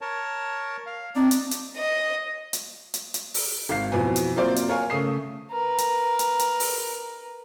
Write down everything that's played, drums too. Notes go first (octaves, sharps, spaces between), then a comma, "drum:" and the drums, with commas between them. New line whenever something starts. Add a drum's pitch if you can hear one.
A#4 C#5 A5
F5
C4 D4 D#4 D5
drum: hi-hat
drum: hi-hat
D#5
drum: hi-hat
drum: hi-hat
drum: hi-hat
drum: open hi-hat
G#1 F5 C7
F2 B2 E3 B3 G#5
drum: hi-hat
F#3 A#3 C4 F4 C5 D5
drum: hi-hat
A#4 C#5 F5 G#5
C#3 A3 D#6 C7
A#4 B4
drum: hi-hat
drum: hi-hat
drum: hi-hat
drum: open hi-hat